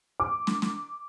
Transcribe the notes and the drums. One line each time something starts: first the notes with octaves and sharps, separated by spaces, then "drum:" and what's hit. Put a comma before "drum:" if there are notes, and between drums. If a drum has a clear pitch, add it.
D6
drum: snare
drum: snare